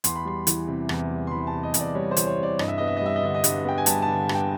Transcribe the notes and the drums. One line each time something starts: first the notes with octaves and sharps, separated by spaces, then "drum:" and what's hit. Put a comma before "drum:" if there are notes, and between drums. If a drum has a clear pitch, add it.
E2 C6, drum: hi-hat
B5
G3 C6
E3, drum: hi-hat
C3
E2, drum: rim click
G3
C6
E3 B5
A5
C3
D#5
E2, drum: hi-hat
D5
G3 C#5
C5
E3, drum: hi-hat
C#5
C3
D5
G2 D#5, drum: rim click
E5
B3 D#5
E5
D#5
G3 E5
D#5
D3 E5
D#5
G2, drum: hi-hat
B3 G5
G#5
G3 A5, drum: hi-hat
A5
D3
G2, drum: rim click
G5